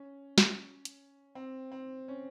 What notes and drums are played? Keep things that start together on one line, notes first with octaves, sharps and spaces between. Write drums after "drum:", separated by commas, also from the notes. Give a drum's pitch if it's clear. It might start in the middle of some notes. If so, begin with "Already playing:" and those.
Already playing: C#4
drum: snare
drum: hi-hat
C4
C4
C#4